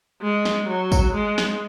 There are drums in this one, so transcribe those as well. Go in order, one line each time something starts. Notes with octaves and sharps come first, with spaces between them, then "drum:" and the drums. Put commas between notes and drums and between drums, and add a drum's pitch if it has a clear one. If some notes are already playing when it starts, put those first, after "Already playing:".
G#3
drum: snare
F#3
drum: kick, tambourine
G#3
drum: snare